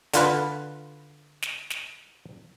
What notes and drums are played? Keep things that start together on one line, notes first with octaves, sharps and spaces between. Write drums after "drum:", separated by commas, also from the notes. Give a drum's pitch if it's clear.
D3 F4 B4, drum: hi-hat
drum: snare
drum: snare